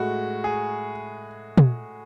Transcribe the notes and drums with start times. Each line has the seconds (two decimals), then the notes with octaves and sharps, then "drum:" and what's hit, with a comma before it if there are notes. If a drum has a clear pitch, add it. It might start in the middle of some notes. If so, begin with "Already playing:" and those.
Already playing: A2 G#3 F#4
0.44 G#4
1.58 drum: tom